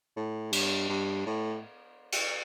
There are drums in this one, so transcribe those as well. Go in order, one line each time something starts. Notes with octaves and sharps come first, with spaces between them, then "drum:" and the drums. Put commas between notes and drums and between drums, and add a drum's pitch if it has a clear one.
A2
G2, drum: cymbal
G2
A2
drum: cymbal